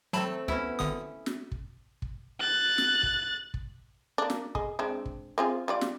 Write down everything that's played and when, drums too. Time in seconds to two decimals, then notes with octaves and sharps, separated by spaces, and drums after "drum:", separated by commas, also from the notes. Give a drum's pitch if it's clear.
0.13 F#3 A3 C4 A4 A5 B5
0.48 D2 B3 C#4 E4
0.79 G#1 D3 D#6
1.26 drum: snare
1.52 drum: kick
2.02 drum: kick
2.40 F#6 A6
2.78 drum: snare
3.03 drum: kick
3.54 drum: kick
4.18 A#3 D4
4.30 drum: snare
4.55 G#4 D#5, drum: kick
4.79 G#3 C4 D4
5.05 drum: kick
5.38 C4 F4 G#4
5.68 G3 F4 D5
5.81 drum: snare